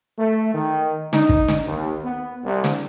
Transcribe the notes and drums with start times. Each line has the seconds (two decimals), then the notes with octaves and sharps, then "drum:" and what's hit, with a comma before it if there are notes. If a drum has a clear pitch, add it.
0.18 A3
0.54 D#3
1.13 D#4, drum: snare
1.29 drum: kick
1.49 drum: snare
1.67 D#2
2.05 B3
2.45 C2
2.64 drum: snare